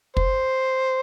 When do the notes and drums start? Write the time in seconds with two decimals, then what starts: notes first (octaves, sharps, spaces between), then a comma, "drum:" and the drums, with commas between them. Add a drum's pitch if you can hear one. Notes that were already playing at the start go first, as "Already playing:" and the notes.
0.17 C5, drum: kick